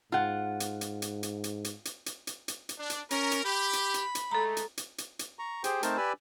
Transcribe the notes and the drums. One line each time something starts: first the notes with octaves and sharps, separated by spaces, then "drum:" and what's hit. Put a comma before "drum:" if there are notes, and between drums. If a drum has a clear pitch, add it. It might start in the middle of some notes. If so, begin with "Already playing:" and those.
G#2 F4 F#5
drum: hi-hat
drum: hi-hat
drum: hi-hat
drum: hi-hat
drum: hi-hat
drum: hi-hat
drum: hi-hat
drum: hi-hat
drum: hi-hat
drum: hi-hat
drum: hi-hat
D4
drum: hi-hat
C#4 A#4, drum: hi-hat
drum: hi-hat
G4 B5
drum: hi-hat
drum: hi-hat
drum: hi-hat
G#3 A3 A4 A#5
drum: hi-hat
drum: hi-hat
drum: hi-hat
drum: hi-hat
A#5 C#6
G4 G#4 C5 G5, drum: hi-hat
A3 C4 D#4 A#4 C5 A5, drum: hi-hat
G4 B4 D5 G#5 B5 E6